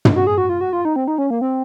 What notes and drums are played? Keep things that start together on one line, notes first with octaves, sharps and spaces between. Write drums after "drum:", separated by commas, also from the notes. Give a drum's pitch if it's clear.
drum: tom
F#4
G#4
F#4
F4
F#4
F4
D#4
C4
D#4
C#4
A#3
C4